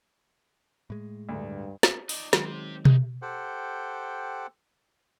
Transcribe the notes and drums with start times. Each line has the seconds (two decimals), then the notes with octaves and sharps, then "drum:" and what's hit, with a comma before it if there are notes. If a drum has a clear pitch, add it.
0.90 A2 G#3
1.29 D2 G2
1.83 drum: snare
2.09 D#4 D5, drum: open hi-hat
2.33 D#3 F#3 G#3 C4 G4, drum: snare
2.85 A3 D#4, drum: tom B2
3.22 G4 A4 C5 F#5 G5